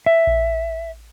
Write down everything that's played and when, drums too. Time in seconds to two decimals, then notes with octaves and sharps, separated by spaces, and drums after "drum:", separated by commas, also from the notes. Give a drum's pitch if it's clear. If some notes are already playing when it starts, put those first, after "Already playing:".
0.06 E5
0.27 drum: kick A#1